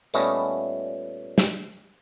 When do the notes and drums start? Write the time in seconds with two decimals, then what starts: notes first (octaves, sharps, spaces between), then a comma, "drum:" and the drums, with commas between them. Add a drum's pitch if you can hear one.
0.14 A#2 G3 A3 B3 C#4 D#5, drum: tambourine
1.38 drum: snare